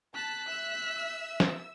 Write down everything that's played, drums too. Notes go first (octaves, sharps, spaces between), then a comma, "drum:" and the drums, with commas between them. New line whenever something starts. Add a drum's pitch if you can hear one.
A5 F#6 B6
E5 E6
drum: snare